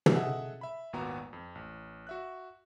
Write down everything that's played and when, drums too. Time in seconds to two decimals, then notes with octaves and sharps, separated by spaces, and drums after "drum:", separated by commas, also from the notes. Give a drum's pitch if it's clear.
0.06 drum: tom
0.15 G#4 A4 D#5 E5 F#5
0.61 E5 B5
0.93 G#1 D#2 A#2 B3 F#4 A#5
1.33 F2
1.55 A1
2.07 F#4 E5 F#6